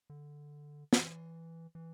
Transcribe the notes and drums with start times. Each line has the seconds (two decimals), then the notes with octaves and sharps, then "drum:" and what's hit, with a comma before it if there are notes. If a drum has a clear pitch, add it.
0.10 D3
0.93 E3, drum: snare
1.75 E3